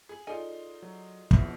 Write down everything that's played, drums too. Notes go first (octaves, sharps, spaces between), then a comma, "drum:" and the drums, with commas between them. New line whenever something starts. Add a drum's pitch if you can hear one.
G#4
D#4 F4 G#4 A4 D5 G#5
F#3
A#1 B2 E4, drum: kick